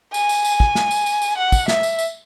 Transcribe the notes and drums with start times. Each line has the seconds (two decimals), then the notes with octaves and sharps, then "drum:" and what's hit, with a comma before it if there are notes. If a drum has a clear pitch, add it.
0.14 G#5, drum: tambourine
0.29 drum: tambourine
0.45 drum: tambourine
0.60 drum: kick
0.75 drum: snare
0.91 drum: tambourine
1.06 drum: tambourine
1.22 drum: tambourine
1.38 F#5
1.52 drum: kick, tambourine
1.68 E5, drum: snare
1.83 drum: tambourine
1.99 drum: tambourine